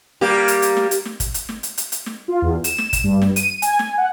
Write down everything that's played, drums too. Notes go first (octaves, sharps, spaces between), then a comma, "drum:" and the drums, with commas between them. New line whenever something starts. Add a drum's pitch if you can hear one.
G3 A#3 G4
drum: hi-hat
drum: hi-hat
drum: snare
drum: hi-hat
drum: snare
drum: kick, hi-hat
drum: hi-hat
drum: snare
drum: hi-hat
drum: hi-hat
drum: hi-hat
drum: snare
F4
E2
E7, drum: hi-hat
drum: snare
drum: kick, hi-hat
G2
drum: snare
D#7, drum: hi-hat
G#5, drum: hi-hat
drum: snare
F#5